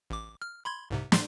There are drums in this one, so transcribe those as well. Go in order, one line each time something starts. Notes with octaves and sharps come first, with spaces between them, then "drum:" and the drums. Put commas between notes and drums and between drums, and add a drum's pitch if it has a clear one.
A1 D6
F6
B5 C6 G#6
C2 G#2 C3
A2 C6, drum: snare